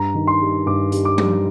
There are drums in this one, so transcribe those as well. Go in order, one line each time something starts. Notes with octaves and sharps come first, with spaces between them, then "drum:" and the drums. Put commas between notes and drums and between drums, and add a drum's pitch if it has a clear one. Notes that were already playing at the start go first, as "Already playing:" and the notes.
Already playing: G2 A#5
D#3
C6
G3
G2 D6
G3, drum: hi-hat
D6
G3, drum: tom F3